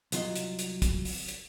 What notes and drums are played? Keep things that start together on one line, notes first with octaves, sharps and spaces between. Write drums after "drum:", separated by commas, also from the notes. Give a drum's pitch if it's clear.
C2 F#3 F4 D#5, drum: hi-hat
drum: hi-hat
drum: hi-hat
drum: kick, hi-hat
drum: open hi-hat
drum: hi-hat